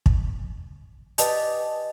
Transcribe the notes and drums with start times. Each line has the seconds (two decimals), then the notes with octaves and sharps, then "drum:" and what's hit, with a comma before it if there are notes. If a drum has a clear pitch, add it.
0.06 drum: kick
1.18 G4 B4 D5 D#5 G#5 A5, drum: hi-hat